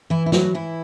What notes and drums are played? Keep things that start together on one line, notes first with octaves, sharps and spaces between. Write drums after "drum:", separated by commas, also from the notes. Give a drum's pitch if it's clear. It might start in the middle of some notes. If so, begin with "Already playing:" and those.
E3 E4
E4
F#3 F#4, drum: snare
E3 E4